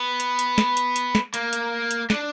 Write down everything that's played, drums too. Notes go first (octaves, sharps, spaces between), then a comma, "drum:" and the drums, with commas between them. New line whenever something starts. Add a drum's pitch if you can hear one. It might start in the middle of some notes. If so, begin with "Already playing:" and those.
Already playing: B3
drum: hi-hat
drum: hi-hat
drum: snare
drum: hi-hat
drum: hi-hat
drum: snare
A#3, drum: hi-hat
drum: hi-hat
drum: hi-hat
D4, drum: snare